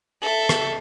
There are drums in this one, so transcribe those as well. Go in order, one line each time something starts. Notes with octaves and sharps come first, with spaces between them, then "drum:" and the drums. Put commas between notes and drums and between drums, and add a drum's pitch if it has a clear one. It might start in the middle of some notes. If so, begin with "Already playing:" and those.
A4 E5
drum: rim click